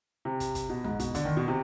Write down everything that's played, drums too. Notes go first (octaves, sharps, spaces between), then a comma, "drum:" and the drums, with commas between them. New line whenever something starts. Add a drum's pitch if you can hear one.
C3
drum: kick, hi-hat
drum: kick, hi-hat
B2
G#2, drum: tom
B2, drum: kick, hi-hat
D3, drum: kick, hi-hat
D#3
B2
C3